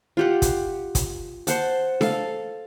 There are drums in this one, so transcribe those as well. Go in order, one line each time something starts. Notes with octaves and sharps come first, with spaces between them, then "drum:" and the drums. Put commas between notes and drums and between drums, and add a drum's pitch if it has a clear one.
F4 G4 F#5
drum: kick, hi-hat
drum: kick, hi-hat
C5 F#5 A5, drum: hi-hat
A4 F5, drum: snare D4